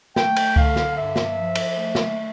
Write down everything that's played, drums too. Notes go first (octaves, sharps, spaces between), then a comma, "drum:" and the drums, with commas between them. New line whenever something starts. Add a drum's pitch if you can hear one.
A3 G5, drum: snare
drum: cymbal
D3 F5, drum: kick C#2
drum: snare
G2 E5
drum: snare
F3
drum: cymbal
A3
drum: snare